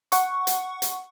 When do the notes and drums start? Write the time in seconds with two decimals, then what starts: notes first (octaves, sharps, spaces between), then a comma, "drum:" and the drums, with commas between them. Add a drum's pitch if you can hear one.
0.12 F#5 C#6, drum: hi-hat
0.47 drum: hi-hat
0.82 drum: hi-hat